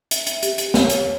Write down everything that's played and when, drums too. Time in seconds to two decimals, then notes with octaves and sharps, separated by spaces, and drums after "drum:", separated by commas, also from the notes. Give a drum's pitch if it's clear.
0.11 E5, drum: hi-hat
0.27 drum: hi-hat
0.43 G4, drum: hi-hat
0.58 drum: hi-hat
0.74 C#5, drum: snare
0.90 drum: hi-hat